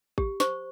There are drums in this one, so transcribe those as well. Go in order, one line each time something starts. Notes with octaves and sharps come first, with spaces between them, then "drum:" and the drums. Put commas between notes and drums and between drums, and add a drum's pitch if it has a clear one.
G4, drum: kick A1
C5 C#6, drum: snare